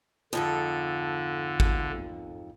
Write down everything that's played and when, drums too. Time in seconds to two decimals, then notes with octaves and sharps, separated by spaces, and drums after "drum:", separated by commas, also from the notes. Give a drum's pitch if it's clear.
0.33 F2 G#2 D3 A4
1.60 drum: kick